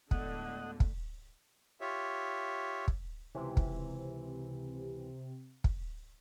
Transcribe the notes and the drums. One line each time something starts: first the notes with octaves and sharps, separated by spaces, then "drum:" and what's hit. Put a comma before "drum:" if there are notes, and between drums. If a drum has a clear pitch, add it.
D2 A2 D3 G#3 B3 D#5 F#5, drum: kick
drum: kick
F4 G4 C#5 E5
drum: kick
C#2 C3 E3
drum: kick
drum: kick